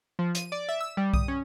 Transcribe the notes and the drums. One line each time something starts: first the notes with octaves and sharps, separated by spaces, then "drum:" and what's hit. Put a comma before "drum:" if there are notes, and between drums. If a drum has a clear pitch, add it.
F3
D#7, drum: hi-hat
D5
E5
E6
G3
D#6, drum: kick B1
C#4